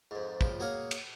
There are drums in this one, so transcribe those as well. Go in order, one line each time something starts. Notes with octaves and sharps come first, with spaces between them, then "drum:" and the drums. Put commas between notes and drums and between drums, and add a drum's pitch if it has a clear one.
F2 G#2
C#2 F3 G5, drum: kick
A#3 F#4 G#4 C#5 F5 D#6
drum: cymbal